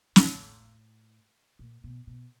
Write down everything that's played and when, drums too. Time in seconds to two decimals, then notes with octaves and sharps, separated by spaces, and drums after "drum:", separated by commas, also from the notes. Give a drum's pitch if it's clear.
0.16 A2, drum: snare
1.59 A#2
1.84 B2
2.07 B2